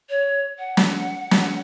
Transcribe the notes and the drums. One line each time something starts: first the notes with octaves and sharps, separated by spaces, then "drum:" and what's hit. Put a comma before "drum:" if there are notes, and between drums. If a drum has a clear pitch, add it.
C#5
F#5
drum: snare
drum: snare